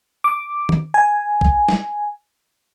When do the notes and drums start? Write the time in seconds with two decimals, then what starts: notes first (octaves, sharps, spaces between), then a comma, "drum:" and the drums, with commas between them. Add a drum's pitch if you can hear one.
0.24 D6
0.69 drum: tom
0.94 G#5
1.41 drum: kick A#1
1.68 drum: snare